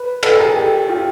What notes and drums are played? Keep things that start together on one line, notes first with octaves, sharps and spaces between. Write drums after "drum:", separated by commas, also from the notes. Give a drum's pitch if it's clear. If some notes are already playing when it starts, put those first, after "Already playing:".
Already playing: B4
A4 B4, drum: cymbal
G#4 A#4
G4 A4
F4 G4